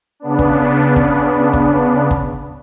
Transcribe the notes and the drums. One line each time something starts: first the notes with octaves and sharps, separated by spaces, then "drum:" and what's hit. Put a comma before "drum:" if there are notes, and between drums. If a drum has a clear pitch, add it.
C#3 B3 D4
drum: kick
drum: kick
drum: kick
drum: kick